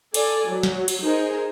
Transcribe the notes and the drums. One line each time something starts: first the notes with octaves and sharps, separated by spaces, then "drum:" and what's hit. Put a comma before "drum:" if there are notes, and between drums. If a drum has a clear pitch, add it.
A4 D5 G#5, drum: cymbal
F#3
drum: snare
drum: cymbal
D#4 G#4 A#4 C5